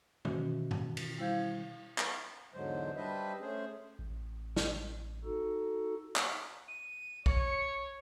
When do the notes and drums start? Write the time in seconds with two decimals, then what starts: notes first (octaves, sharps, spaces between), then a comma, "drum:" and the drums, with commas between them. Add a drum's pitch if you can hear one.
0.25 B2 D#3 E3 C#4 F#4, drum: tom
0.71 drum: tom G#2
0.97 drum: cymbal
1.18 G3 E4 C5 F5 G6 G#6
1.98 drum: clap
2.54 E2 G#2 D3 F#3 G#3 C5
2.96 G3 D4 B4 C5 D#5 E5
3.40 A3 C#4 G#4 C5
3.99 A1
4.56 drum: snare
5.25 D#4 F#4 A4
6.16 drum: clap
6.68 D#7
7.26 C#5 C#7, drum: kick B1